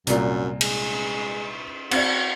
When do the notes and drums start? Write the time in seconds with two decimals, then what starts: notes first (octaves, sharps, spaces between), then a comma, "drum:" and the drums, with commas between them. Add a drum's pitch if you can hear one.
0.07 C2 F#2 A#2, drum: hi-hat
0.61 G#3, drum: cymbal
1.91 C4 F#4 D5, drum: cymbal